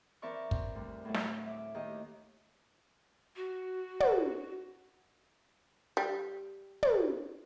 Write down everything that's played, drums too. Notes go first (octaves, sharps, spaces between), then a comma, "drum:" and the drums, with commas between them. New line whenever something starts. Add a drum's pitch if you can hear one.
E3 C4 A#4 D5 E5 C#6
C4, drum: kick
D2 G3
A2 F#3 A3
drum: snare
E5 D6
D#2 D#3 G4 D#5
F#4
F#5, drum: tom
G3
drum: tom